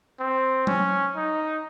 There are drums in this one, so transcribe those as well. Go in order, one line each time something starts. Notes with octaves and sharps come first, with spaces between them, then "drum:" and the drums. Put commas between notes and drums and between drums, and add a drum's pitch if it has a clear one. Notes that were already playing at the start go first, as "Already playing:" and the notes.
C4
C#4, drum: tom F#3
D#4